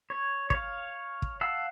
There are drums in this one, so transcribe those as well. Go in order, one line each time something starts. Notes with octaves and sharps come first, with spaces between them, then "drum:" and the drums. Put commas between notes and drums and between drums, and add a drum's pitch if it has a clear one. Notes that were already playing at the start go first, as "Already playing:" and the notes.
C#5
C#5 F5, drum: kick
drum: kick
F5 F#5 A5 E6